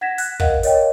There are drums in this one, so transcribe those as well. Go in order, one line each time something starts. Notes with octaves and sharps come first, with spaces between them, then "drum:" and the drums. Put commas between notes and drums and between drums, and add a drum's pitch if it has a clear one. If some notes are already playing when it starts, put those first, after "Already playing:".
F#5 G#6 A#6 B6 E7
F#6, drum: hi-hat
A#4 D#5 F5 F#5, drum: kick
A#4 C#5 D#5 F5 G5, drum: hi-hat